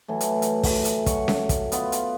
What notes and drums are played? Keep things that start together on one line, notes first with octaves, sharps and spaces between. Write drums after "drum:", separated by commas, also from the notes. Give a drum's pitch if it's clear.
E3 F#3 A3
drum: hi-hat
drum: hi-hat
drum: kick, open hi-hat
drum: hi-hat
F#3 C#6, drum: kick, hi-hat
drum: snare C#4
drum: kick, hi-hat
B3 F4, drum: hi-hat
drum: hi-hat